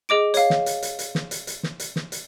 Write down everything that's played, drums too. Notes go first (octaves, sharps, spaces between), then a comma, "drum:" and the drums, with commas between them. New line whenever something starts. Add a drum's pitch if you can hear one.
G#4 D#5 D6 D7
C#5 F5, drum: hi-hat
drum: snare
drum: hi-hat
drum: hi-hat
drum: hi-hat
drum: snare
drum: hi-hat
drum: hi-hat
drum: snare
drum: hi-hat
drum: snare
drum: hi-hat